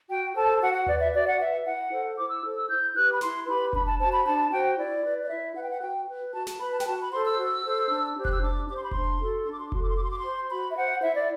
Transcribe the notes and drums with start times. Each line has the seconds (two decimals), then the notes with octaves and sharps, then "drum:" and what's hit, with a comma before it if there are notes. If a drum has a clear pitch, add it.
0.08 F#4 G5
0.35 A4 C5 A5
0.61 F#4 F#5
0.74 F#5
0.87 B4 D5, drum: tom D#2
0.99 E5
1.13 F#4 D5
1.26 F#5
1.39 B4 E5
1.65 E4 F#5
1.91 A4 C5
2.17 E4 D6
2.29 E6
2.43 A4 C5
2.56 E6
2.69 E4 G6
2.95 G4 B4 F#6
3.12 B5
3.21 E4 C6, drum: snare
3.47 G4 B4 B5
3.73 D4 B5, drum: kick F1
3.86 A5
3.99 F#4 C5 A5
4.12 B5
4.25 D4 A5
4.51 F#4 C5 G5
4.77 E4 D5
5.03 B4
5.24 D5
5.29 E4 E5
5.55 B4 F#5
5.62 G5
5.70 F#5
5.81 F#4 G5
6.07 B4
6.33 F#4 A5
6.47 A5, drum: snare
6.60 B4 B5
6.72 A5
6.80 G5, drum: snare
6.85 F#4 A5
6.99 B5
7.11 A4 C5 C6
7.24 E6
7.38 F#4
7.64 A4 C5
7.90 D4
8.16 G4 C5
8.25 F#6, drum: kick F1
8.33 E6
8.41 D4 D6
8.68 G4 C5 D6
8.76 C6
8.84 B5
8.91 D4 C6, drum: kick F1
9.20 F#4 A4
9.46 D4 C6
9.53 D6
9.60 C6
9.68 D6
9.72 F#4 A4 C6, drum: kick F1
9.83 D6
9.90 C6
9.97 F#4 D6
10.04 C6
10.12 D6
10.18 C6
10.24 C5
10.50 F#4 B5
10.70 E5
10.76 C5 F#5
11.02 E4 E5
11.14 D5